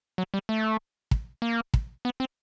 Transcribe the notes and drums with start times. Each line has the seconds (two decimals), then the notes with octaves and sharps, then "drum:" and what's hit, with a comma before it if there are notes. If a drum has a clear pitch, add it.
0.18 F#3
0.34 G3
0.49 A3
1.11 drum: kick
1.42 A#3
1.74 drum: kick
2.05 B3
2.20 C4